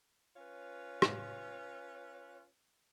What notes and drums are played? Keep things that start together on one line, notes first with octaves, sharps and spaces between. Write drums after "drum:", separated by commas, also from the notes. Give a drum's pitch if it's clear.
C#4 F4 B4 C#5
drum: rim click